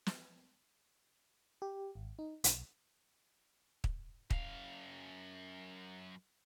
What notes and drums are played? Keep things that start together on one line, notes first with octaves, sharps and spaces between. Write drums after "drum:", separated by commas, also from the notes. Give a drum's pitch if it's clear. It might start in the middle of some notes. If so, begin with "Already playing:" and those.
drum: snare
G4
G#1
D#4
B1, drum: hi-hat
drum: kick
F#2 F5, drum: kick